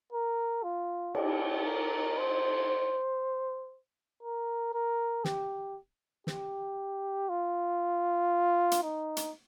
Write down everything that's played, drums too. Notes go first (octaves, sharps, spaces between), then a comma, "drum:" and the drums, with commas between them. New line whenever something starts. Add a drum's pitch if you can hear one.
A#4
F4
G4, drum: cymbal
A#4
C5
A#4
A#4
G4, drum: snare
G4, drum: snare
F4
drum: hi-hat
D#4
drum: hi-hat